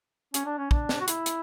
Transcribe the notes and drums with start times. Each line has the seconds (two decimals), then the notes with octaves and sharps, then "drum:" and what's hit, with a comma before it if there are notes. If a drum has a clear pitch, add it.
0.34 C#4, drum: hi-hat
0.46 D4
0.58 C#4
0.71 D4, drum: kick
0.89 drum: snare
1.01 F#4
1.08 E4, drum: hi-hat
1.26 drum: hi-hat